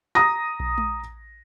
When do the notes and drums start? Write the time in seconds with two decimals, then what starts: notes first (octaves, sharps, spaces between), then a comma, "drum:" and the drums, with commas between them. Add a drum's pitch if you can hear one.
0.15 A#5 D#6 A#6
0.60 drum: kick A#1
0.78 drum: tom G#3